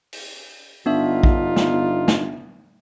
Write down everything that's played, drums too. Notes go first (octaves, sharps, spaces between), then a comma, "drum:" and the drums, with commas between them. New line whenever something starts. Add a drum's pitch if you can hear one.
drum: open hi-hat
G1 B3 D4 D#4 F4 E5
drum: kick A#1
drum: snare
drum: snare